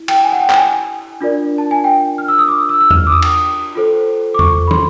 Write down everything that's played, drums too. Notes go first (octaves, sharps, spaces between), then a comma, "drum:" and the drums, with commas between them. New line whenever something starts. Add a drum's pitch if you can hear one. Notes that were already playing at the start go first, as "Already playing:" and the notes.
Already playing: E4
G5, drum: cymbal
G#5
F#5
G5
G5, drum: clap
G#5
D4 F4 A#4 D5
A5
G#5
G5
F6
E6
D#6
D6
E6
E6
F6, drum: tom E2
D6
D#6
drum: cymbal
F4 A4 C5
D6
C#6, drum: tom E2
B5
C6, drum: tom